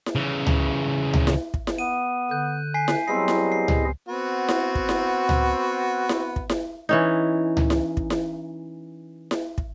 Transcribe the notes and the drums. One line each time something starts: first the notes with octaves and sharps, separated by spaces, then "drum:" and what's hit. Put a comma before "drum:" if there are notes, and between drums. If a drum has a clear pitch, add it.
drum: snare E4
C#3 E3
drum: tom C#2
drum: tom C#2
drum: snare E4
drum: kick
drum: snare E4
B3 D#7
D3 F#6 G6
G#5 B6 C7
drum: snare E4
F#3 G3 B3 C4 E4 G#4 D#5 C7
drum: snare E4
C7
drum: tom C#2
B3 C4 F#4
drum: snare E4
drum: kick
drum: snare E4
drum: tom C#2
drum: snare E4
drum: kick
drum: snare E4
E3 C#4 D#4
drum: tom C#2
drum: snare E4
drum: kick
drum: snare E4
drum: snare E4
drum: kick